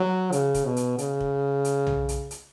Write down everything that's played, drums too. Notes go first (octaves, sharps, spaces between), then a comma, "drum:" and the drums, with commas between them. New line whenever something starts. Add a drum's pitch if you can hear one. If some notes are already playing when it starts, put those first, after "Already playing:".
Already playing: F#3
C#3, drum: hi-hat
drum: kick, hi-hat
B2
drum: hi-hat
C#3, drum: hi-hat
drum: kick
drum: hi-hat
drum: tom B1
drum: hi-hat
drum: hi-hat